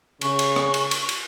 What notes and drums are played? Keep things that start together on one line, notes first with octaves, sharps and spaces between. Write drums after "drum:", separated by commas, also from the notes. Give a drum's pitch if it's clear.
C#3 C#6, drum: cymbal
drum: cymbal
drum: rim click
drum: cymbal
drum: cymbal
drum: cymbal